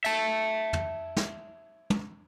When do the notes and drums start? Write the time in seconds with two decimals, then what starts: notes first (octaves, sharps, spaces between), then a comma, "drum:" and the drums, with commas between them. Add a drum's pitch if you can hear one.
0.04 E5 A5, drum: cymbal
0.73 drum: tom
1.17 drum: snare
1.90 drum: tom